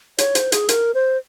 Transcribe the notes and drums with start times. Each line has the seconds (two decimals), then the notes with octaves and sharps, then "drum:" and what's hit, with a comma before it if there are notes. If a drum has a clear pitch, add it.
0.18 C#5, drum: hi-hat
0.35 C5, drum: hi-hat
0.52 G#4, drum: hi-hat
0.69 A#4, drum: hi-hat
0.95 C5